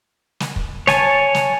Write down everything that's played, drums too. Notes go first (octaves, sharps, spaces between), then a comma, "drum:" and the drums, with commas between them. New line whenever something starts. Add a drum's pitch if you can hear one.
drum: snare
drum: kick
C#5 G#5 A5, drum: snare
drum: snare